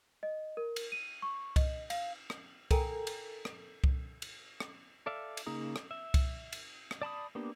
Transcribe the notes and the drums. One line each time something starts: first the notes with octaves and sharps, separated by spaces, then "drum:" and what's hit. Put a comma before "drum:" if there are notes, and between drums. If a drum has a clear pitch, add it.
D#5
A#4
drum: cymbal
D#7
C#6
D#5, drum: kick C2, cymbal
F5, drum: cymbal
drum: rim click
A4 A#4 G5 G#5 A#5, drum: kick C2, cymbal
drum: cymbal
drum: rim click
drum: kick C2
drum: cymbal
drum: rim click
A4 D5 E5 F5
drum: cymbal
C#3 A#3 D#4 G#4 A#5
drum: rim click
E5
drum: kick C2, cymbal
drum: cymbal
drum: rim click
D5 A5 B5 D#6
A#3 B3 D4 G4